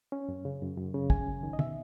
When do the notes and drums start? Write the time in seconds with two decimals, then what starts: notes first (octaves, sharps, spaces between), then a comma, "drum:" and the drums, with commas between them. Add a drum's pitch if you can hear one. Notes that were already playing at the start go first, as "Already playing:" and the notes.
0.12 C#4
0.29 F#2
0.45 C#3
0.62 F#2
0.78 F#2
0.94 C#3
1.10 C#4 G#5, drum: kick
1.27 F#2
1.43 D#3
1.53 D#5
1.59 B2 E5, drum: tom